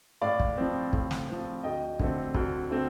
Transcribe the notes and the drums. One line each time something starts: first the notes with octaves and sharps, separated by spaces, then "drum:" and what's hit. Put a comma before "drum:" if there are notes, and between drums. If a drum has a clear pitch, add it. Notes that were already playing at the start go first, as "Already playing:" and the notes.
A2 D5 F5
drum: kick
F3 C4
A2, drum: kick
drum: snare
F3 C4
D2 D#5 G5
D3 A3 C4, drum: kick
D2, drum: kick
D3 A3 C4